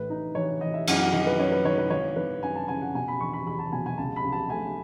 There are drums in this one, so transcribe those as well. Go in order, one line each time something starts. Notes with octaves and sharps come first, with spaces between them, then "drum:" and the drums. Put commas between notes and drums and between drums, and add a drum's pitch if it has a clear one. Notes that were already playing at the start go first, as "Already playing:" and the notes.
Already playing: A1 A2 B4
D#4
E3 C#5
E3 D#5
E5
F#2 F#5, drum: cymbal
F#5
D#3 D#5
B4
F#2 C#5
B4
D#3 C#5
B4
G#1 C#5
G#1 B4
F#2 G#5
A5
C#3 G#5
F#5
B2 G#5
B5
E2 C#6
B5
E2 B5
A5
B2 G#5
G#5
C#2 A5
B5
C#2
A5
A3 G#5